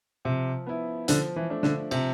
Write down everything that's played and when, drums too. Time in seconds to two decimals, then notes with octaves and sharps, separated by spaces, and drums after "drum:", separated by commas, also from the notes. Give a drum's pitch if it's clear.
0.25 C3 F3
0.66 B3 E4
1.08 D3 F3, drum: hi-hat
1.36 E3
1.50 A3 D4
1.63 D3, drum: snare
1.91 C3 F3, drum: cymbal